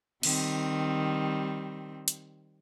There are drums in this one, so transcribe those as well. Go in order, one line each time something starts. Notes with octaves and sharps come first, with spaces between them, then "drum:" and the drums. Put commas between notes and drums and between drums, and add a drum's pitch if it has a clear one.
D#3 G3 C4, drum: cymbal
drum: hi-hat